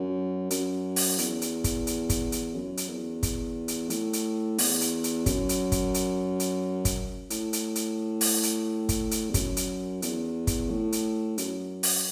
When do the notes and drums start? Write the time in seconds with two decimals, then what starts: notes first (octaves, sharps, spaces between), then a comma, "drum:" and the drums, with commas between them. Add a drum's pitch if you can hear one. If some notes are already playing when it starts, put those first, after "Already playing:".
Already playing: F#2
0.51 F#2, drum: hi-hat
0.96 drum: open hi-hat
1.18 E2, drum: hi-hat
1.42 drum: hi-hat
1.64 drum: kick G1, hi-hat
1.87 drum: hi-hat
2.09 drum: kick G1, hi-hat
2.32 drum: hi-hat
2.54 F#2
2.77 drum: hi-hat
2.89 E2
3.23 drum: kick G1, hi-hat
3.68 drum: hi-hat
3.90 A2, drum: hi-hat
4.13 drum: hi-hat
4.58 E2, drum: open hi-hat
4.81 drum: hi-hat
5.04 drum: hi-hat
5.26 F#2, drum: kick G1, hi-hat
5.49 drum: hi-hat
5.72 drum: kick G1, hi-hat
5.94 drum: hi-hat
6.40 drum: hi-hat
6.85 drum: kick G1, hi-hat
7.30 A2, drum: hi-hat
7.53 drum: hi-hat
7.75 drum: hi-hat
8.21 drum: open hi-hat
8.43 drum: hi-hat
8.89 drum: kick G1, hi-hat
9.11 drum: hi-hat
9.30 E2
9.34 F#2, drum: kick G1, hi-hat
9.57 drum: hi-hat
10.02 E2, drum: hi-hat
10.47 drum: kick G1, hi-hat
10.70 A2
10.92 drum: hi-hat
11.38 F#2, drum: hi-hat
11.83 drum: open hi-hat